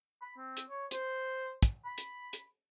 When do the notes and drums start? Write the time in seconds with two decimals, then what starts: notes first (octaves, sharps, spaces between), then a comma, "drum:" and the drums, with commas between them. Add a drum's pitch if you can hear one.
0.22 B5
0.38 C4
0.57 drum: hi-hat
0.69 C#5
0.91 C5, drum: hi-hat
1.63 drum: kick, hi-hat
1.85 B5
1.98 drum: hi-hat
2.33 drum: hi-hat